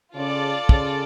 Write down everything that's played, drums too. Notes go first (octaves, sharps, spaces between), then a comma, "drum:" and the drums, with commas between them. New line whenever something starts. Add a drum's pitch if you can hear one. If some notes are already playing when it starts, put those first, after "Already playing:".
C#3 F4 A4 D5
C#3, drum: kick